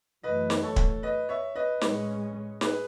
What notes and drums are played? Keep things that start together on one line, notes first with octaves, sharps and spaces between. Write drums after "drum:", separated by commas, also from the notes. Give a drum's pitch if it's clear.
F#2 E3 A3 B4 D#5
drum: snare
A4 C#5
drum: kick
B4 D#5
C#5 E5
B4 D#5
A2 G#3 C#4, drum: snare
G#4 B4, drum: snare